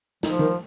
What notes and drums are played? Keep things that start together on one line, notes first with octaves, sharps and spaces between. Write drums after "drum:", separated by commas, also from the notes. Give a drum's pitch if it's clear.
F3 D#4, drum: snare
D#3